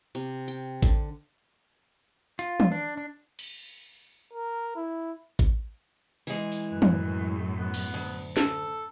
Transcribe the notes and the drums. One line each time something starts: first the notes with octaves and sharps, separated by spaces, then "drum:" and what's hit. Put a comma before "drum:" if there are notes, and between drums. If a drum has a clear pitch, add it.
C3
G5
D3, drum: kick
F4, drum: hi-hat
drum: tom
D4
D4
drum: cymbal
A#4
E4
drum: kick
E3 G#3, drum: open hi-hat
drum: open hi-hat
F#2 A2 B4
drum: tom
B3
drum: cymbal
D2
A4, drum: snare